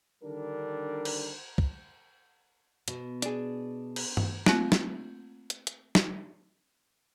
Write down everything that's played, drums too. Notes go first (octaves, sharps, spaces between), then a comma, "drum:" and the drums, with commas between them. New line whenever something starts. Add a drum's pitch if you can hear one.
D3 D#3 G3 D4 A#4
drum: cymbal
drum: kick
B2, drum: hi-hat
D4 G#4, drum: hi-hat
drum: cymbal
drum: tom G2
A3 A#3 C4 F4, drum: snare
drum: snare
drum: hi-hat
drum: hi-hat
drum: snare